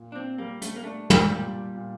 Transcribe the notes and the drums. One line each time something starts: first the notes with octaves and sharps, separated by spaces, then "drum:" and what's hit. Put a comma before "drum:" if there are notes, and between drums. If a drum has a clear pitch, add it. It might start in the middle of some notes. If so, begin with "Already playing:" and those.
Already playing: A#2
D4
C4
G3 A#3
A3, drum: hi-hat
A#3
A3 D4
drum: tom
A#2 G3
A#2